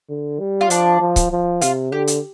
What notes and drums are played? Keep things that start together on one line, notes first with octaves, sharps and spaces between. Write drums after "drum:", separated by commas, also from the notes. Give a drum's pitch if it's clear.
D3
G3
F4
F3 D4, drum: hi-hat
F3
drum: kick C#1, hi-hat
F3
C3 F4, drum: hi-hat
D3 G4
drum: hi-hat